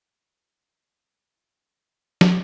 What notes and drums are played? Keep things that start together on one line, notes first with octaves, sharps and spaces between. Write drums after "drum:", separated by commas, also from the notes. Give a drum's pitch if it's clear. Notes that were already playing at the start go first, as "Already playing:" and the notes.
G4
G3 F4
G3
G2
G3
F2
G3
F4
E3 E4
E2 E4
F4
G3 G4
drum: snare